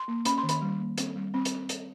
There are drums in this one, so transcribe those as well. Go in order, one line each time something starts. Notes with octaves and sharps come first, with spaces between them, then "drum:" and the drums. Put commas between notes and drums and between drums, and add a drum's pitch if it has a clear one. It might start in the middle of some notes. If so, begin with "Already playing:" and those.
Already playing: C6
A#3
C#4 B5, drum: hi-hat
C6
D#3
B5, drum: hi-hat
G3
A#3
C4, drum: hi-hat
G3
C4
drum: hi-hat
drum: hi-hat